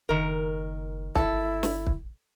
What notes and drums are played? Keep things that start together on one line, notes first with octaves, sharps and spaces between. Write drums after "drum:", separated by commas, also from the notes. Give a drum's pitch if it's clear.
F#1 D#3 A#4
G1 E4 A4, drum: kick
drum: snare
drum: kick